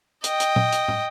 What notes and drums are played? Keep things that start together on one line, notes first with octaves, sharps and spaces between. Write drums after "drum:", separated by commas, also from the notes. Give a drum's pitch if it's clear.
D#5 G5, drum: hi-hat
drum: hi-hat
drum: tom A#2
drum: hi-hat
drum: tom